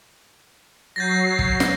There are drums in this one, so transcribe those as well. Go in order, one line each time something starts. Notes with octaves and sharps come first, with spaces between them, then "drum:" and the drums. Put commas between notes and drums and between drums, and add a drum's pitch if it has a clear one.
F#3 G6 A6 A#6 C7
drum: kick
drum: snare